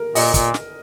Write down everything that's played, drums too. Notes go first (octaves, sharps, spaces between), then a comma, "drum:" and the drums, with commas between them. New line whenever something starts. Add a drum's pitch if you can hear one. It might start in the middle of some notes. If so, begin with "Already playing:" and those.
Already playing: A#4
A#2 D#5, drum: open hi-hat
A#2, drum: kick, hi-hat
drum: snare